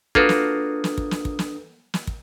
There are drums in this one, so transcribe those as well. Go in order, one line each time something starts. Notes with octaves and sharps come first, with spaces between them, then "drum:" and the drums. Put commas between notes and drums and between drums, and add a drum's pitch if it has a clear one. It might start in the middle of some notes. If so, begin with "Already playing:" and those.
A#3 D4 F4 F#4 A4 B4 D#6, drum: kick
drum: snare
drum: snare
drum: kick
drum: snare
drum: kick
drum: snare
drum: snare
drum: kick